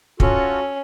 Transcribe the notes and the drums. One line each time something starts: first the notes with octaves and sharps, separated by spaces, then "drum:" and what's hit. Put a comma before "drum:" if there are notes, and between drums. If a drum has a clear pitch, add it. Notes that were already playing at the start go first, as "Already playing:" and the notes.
C#4 F4 F#4 A4, drum: kick